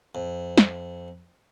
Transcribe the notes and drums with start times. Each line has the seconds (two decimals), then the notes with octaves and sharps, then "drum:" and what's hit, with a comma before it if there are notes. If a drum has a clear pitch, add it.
0.15 F2
0.58 drum: snare